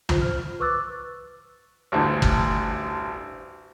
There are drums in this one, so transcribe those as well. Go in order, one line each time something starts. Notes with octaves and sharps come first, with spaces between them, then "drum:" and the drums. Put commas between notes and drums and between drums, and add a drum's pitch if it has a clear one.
F4 C5, drum: tom
F6
B4 C#6 D6 E6 F#6 A6
A1 D2 G2
drum: kick